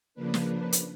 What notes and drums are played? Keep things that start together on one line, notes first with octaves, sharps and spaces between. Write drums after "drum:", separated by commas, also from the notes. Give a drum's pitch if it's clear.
C#3 F3 A#3 D4 B4
drum: snare
drum: hi-hat